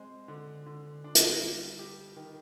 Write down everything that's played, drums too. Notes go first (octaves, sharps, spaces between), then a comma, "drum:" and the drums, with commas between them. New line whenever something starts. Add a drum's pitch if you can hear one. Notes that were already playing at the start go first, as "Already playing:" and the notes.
Already playing: G#3 C4
D3
D3
D4
drum: hi-hat
G3
G4
D#3